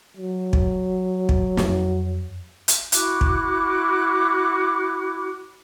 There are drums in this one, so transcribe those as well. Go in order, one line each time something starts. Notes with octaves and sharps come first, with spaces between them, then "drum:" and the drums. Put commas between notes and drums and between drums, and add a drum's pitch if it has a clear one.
F#3
drum: kick
drum: kick
F2, drum: snare
drum: hi-hat
E4 F#4 D6 F#6, drum: hi-hat
drum: kick